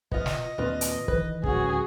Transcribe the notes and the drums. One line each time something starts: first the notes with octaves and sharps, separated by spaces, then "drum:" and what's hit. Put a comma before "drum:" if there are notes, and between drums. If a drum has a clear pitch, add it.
B3 F4 D#5, drum: kick
drum: snare
D#2 A#2 C4 D4 F4 B4
drum: hi-hat
D#3 E3 B4, drum: kick
D1 C#2 C#4 F#4 G#4, drum: kick